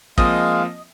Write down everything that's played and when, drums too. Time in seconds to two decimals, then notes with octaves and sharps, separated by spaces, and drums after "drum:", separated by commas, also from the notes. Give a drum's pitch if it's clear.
0.18 F3 G#3 A#3 C4 D#5 F5, drum: kick